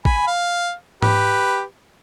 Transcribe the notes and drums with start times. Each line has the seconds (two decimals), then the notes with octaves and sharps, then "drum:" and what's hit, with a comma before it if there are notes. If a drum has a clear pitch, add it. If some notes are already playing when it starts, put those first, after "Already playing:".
0.05 G#5 B5, drum: kick
0.27 F5
1.02 G4 B4, drum: tom G#2